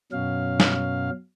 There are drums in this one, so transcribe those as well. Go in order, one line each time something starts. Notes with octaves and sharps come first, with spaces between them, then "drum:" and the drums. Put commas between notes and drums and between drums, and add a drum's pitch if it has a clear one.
F#2 B2 F#3 C#4 F5
drum: snare